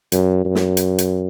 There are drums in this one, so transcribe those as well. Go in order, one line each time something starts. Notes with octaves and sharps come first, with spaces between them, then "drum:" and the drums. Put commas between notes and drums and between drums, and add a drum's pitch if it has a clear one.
F#2, drum: hi-hat
F#2
drum: snare
drum: hi-hat
drum: hi-hat